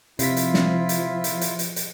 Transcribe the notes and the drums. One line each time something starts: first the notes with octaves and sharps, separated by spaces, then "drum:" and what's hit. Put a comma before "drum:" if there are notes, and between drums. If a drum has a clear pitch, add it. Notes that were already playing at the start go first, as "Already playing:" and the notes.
C3 F3 E4 F4 B6, drum: hi-hat
drum: hi-hat
drum: snare
drum: hi-hat
drum: hi-hat
drum: hi-hat
drum: hi-hat
drum: hi-hat